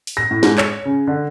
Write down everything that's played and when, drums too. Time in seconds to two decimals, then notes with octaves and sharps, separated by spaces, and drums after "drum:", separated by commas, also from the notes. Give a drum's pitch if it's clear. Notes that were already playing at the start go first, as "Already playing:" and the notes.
0.07 drum: open hi-hat
0.17 A#6
0.31 A2
0.43 G#2, drum: snare
0.58 C#5, drum: clap
0.85 C#3
1.07 D3